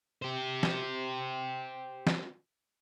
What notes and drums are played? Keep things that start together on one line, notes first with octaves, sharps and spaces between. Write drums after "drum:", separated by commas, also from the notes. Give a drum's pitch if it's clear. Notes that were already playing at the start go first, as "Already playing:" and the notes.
G4 C5
drum: snare
drum: snare